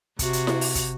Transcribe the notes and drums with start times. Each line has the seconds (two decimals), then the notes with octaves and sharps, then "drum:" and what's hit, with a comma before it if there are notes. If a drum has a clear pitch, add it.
0.19 C3 F#4, drum: kick, hi-hat
0.33 drum: hi-hat
0.47 drum: snare E4
0.61 drum: open hi-hat
0.75 drum: kick, hi-hat